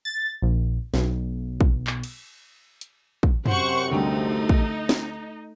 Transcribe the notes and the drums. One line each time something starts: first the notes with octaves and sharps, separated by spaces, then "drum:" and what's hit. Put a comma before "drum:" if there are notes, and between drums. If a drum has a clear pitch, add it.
A6
A#1
B1, drum: snare
drum: kick
drum: clap
drum: cymbal
drum: hi-hat
drum: kick
F#2 C3 C5 F#5 C#6, drum: tom
D2 G3 A3 D#4
drum: kick
drum: snare